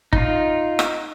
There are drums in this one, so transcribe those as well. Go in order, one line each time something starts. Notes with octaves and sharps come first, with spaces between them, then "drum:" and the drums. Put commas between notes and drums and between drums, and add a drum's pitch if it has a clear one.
D#4 F4, drum: kick G1
drum: rim click